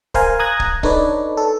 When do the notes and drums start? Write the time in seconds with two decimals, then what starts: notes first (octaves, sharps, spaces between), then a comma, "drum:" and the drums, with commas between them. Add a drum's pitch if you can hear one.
0.14 A#4 C5 F5 G#5 A#5, drum: kick C#1
0.39 A#5 D#6 F#6 G#6 A#6
0.60 drum: kick C#1
0.83 D4 D#4 A4 B4 C#5 D5, drum: kick C#1
1.37 A4